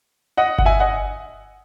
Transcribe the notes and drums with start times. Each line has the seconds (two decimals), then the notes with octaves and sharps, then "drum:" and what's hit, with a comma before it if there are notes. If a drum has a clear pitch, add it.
0.37 D#5 F#5
0.58 F#5, drum: kick G1
0.65 E5 G#5
0.80 D#5 F#5